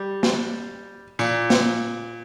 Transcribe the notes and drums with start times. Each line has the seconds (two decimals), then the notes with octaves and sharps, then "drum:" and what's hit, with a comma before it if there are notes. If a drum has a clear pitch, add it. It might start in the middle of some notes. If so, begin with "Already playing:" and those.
Already playing: G3
0.23 drum: snare
1.19 A#2, drum: tambourine
1.50 drum: snare